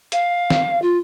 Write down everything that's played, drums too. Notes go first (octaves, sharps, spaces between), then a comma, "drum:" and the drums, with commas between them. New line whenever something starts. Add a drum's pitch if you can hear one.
F5, drum: hi-hat
drum: snare
F4